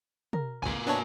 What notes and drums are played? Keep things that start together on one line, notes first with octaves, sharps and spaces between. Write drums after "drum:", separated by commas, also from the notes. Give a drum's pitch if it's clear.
A#4, drum: tom
G#1 C#2 A#3 G#5
B3 D4 C#5 D#5 A5